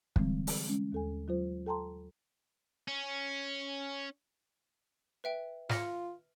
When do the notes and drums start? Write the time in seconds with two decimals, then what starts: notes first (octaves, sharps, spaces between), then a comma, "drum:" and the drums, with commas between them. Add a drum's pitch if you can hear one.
0.16 D3 E3 G3 G#3 C4, drum: kick
0.47 drum: open hi-hat
0.68 G#3 C#4
0.92 D#2 A4 G#5
1.28 F#3 F4 C5
1.66 A4 G5 A5 A#5 C6
2.88 C#4
5.24 B4 E5 G5
5.69 F4 F6 A#6 C#7, drum: snare